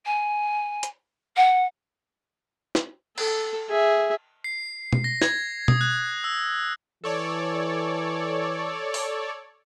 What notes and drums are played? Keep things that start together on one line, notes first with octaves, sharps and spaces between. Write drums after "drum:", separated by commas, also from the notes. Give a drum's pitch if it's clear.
G#5
drum: hi-hat
F#5
drum: snare
A4, drum: cymbal
G#4 E5
C7
drum: tom B2
A#6
G#6, drum: snare
D#6, drum: tom B2
F#6
E6
E3 A4 C#5 D5
drum: open hi-hat